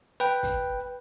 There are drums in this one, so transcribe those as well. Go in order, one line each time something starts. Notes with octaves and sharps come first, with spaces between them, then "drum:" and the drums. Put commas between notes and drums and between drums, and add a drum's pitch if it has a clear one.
B4 G5
drum: kick, hi-hat